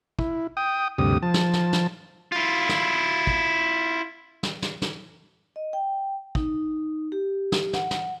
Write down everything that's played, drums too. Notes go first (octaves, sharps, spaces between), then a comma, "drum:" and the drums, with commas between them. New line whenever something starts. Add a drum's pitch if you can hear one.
E4, drum: kick
G5 D#6
D2 G2 C3 G4 D#6
F3 A5
drum: snare
drum: snare
drum: snare
E4 F4
drum: snare
drum: kick
drum: snare
drum: snare
drum: snare
D#5
G5
D#4, drum: kick
G4
drum: snare
F#5, drum: snare
drum: snare